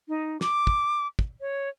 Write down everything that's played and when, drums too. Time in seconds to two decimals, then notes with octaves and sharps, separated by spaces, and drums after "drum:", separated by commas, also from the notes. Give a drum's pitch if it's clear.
0.08 D#4
0.41 D6, drum: snare
0.67 drum: kick
1.19 drum: kick
1.41 C#5